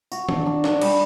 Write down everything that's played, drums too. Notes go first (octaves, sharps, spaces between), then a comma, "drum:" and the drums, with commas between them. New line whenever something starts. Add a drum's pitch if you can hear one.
F#4, drum: tambourine
D4, drum: tom
D4
D4, drum: snare
G3, drum: cymbal